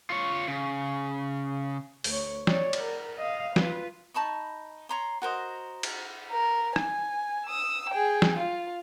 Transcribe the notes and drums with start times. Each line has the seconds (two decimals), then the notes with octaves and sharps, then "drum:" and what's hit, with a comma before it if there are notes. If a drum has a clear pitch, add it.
0.10 F4 C#5
0.48 C#3
2.04 D2 C#5, drum: open hi-hat
2.47 C#5 D5, drum: snare
2.73 drum: cymbal
2.82 A#4
3.17 D#5 F5
3.56 F4 B4, drum: snare
4.14 D#4 A5 B5 C#6
4.89 C#5 A#5 C6
5.22 F#4 A#4 C5 D#5
5.83 drum: cymbal
6.31 A#4
6.76 G#5, drum: rim click
7.46 D#6 E6
7.89 G#4 G5
8.22 drum: snare
8.36 F4